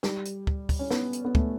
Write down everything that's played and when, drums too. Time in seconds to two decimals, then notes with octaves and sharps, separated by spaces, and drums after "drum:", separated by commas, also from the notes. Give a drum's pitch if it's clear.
0.03 G3, drum: snare
0.25 drum: hi-hat
0.47 drum: kick
0.69 drum: kick, open hi-hat
0.79 C#4
0.91 B3, drum: snare
1.13 drum: hi-hat
1.25 B3
1.35 A3, drum: kick